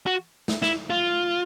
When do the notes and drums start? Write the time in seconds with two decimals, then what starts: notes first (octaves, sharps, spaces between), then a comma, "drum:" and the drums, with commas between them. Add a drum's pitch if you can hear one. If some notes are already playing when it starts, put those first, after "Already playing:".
0.06 F#4
0.48 drum: snare
0.62 E4, drum: snare
0.90 F4